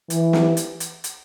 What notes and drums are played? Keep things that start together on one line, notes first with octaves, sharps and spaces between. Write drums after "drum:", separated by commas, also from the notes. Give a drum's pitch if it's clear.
E3, drum: hi-hat
drum: snare
drum: hi-hat
drum: hi-hat
drum: hi-hat